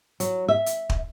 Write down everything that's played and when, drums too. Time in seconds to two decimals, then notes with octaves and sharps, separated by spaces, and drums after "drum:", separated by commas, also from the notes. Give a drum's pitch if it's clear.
0.20 F#3, drum: hi-hat
0.48 E5
0.66 drum: hi-hat
0.90 drum: kick